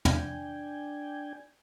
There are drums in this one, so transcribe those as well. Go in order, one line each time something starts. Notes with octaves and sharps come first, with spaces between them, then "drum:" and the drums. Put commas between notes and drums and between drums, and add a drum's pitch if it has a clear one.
D4 G5 G#5, drum: tom